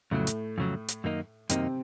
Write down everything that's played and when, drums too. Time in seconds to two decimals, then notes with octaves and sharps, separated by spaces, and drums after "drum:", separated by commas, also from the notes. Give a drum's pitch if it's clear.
0.11 F2 A2 C#3 F#3 A3
0.27 drum: hi-hat
0.58 F2 C#3 F#3
0.88 drum: hi-hat
1.04 F#2 D#3 A#3 D#4
1.49 F#2 C3 D#3 A#3 C4 D#4, drum: hi-hat